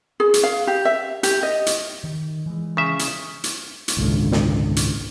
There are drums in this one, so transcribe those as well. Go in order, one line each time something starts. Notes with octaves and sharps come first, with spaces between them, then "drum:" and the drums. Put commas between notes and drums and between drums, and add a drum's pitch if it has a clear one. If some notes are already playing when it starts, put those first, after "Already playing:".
G#4
drum: hi-hat
F5
G4
E5
G4, drum: hi-hat
D#5
drum: hi-hat
D#3
E3 G#3
C#3 E5
drum: hi-hat
drum: hi-hat
drum: hi-hat
G#1 C#2 A#2 D3
drum: snare
drum: hi-hat